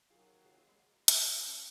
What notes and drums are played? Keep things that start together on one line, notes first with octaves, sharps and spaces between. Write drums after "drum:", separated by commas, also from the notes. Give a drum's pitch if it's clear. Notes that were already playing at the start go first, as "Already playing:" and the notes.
D#2 D#3 F#3 F4 G#4
F4 G#4
F4 G#4
G#3 B3
A#3
drum: hi-hat
A#3 C#4